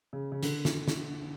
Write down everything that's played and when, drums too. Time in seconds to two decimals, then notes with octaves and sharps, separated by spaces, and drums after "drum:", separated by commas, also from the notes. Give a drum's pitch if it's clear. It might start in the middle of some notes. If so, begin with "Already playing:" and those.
0.13 C#3
0.32 C#3
0.43 D3, drum: hi-hat
0.65 drum: snare
0.88 drum: snare